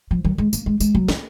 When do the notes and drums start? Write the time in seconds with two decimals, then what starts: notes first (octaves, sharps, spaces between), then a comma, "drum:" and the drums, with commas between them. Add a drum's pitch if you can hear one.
0.11 F3
0.25 F#3, drum: tom D3
0.38 G#3
0.53 A#3, drum: tambourine
0.66 G#3
0.80 G#3, drum: tambourine
0.95 F#3
1.08 A#3, drum: snare